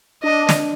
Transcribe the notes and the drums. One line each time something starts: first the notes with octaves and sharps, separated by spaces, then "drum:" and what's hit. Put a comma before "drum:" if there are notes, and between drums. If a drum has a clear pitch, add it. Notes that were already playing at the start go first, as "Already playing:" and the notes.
D4 D#5
drum: snare